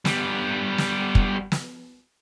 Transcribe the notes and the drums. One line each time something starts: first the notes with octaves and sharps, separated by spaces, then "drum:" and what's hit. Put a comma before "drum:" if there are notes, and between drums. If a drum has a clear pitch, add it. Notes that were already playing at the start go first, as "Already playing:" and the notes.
G3 B3, drum: snare
drum: snare
drum: kick
drum: snare